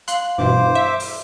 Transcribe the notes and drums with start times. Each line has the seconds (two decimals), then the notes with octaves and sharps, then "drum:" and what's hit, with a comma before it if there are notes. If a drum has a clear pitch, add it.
0.08 F5 C6 F#6, drum: hi-hat
0.38 G2 B2 E3 C5 D6
0.75 E5
1.00 drum: open hi-hat